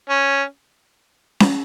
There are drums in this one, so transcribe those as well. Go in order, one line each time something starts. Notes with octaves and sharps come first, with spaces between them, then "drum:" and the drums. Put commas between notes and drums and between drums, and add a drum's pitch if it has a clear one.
C#4
drum: snare C#4